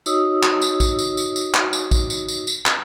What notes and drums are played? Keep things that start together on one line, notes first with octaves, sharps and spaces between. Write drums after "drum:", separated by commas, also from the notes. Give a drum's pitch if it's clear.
D#4 F#4 C#5 D#5 D#6 E6, drum: tambourine
drum: clap
drum: tambourine
drum: kick A#1, tambourine
drum: tambourine
drum: tambourine
drum: tambourine
drum: clap
drum: tambourine
drum: kick A#1, tambourine
drum: tambourine
drum: tambourine
drum: tambourine
drum: clap